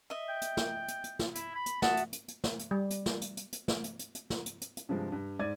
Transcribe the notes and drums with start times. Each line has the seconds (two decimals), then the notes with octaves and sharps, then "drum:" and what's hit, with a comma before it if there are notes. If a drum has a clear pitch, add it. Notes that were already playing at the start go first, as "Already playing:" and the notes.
0.10 D#5 E5
0.29 G5
0.42 drum: hi-hat
0.57 drum: snare
0.88 drum: hi-hat
1.04 drum: hi-hat
1.19 drum: snare
1.35 E4, drum: hi-hat
1.55 B5
1.66 drum: hi-hat
1.82 F#4 E5 A5 D#6, drum: snare
1.97 drum: hi-hat
2.13 drum: hi-hat
2.28 drum: hi-hat
2.44 drum: snare
2.59 drum: hi-hat
2.71 G3
2.90 drum: hi-hat
3.06 drum: snare
3.21 drum: hi-hat
3.37 drum: hi-hat
3.53 drum: hi-hat
3.68 drum: snare
3.84 drum: hi-hat
3.99 drum: hi-hat
4.15 drum: hi-hat
4.30 drum: snare
4.46 drum: hi-hat
4.61 drum: hi-hat
4.77 drum: hi-hat
4.89 G2 C3 F3 G#3
5.12 G2
5.39 G#2 D5 G#6 D#7